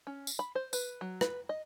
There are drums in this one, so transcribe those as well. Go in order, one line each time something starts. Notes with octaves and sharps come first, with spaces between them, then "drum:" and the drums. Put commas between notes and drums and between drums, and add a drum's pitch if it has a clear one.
C#4
drum: tambourine
B5
C5
B4, drum: tambourine
F#3
B4, drum: rim click
D#5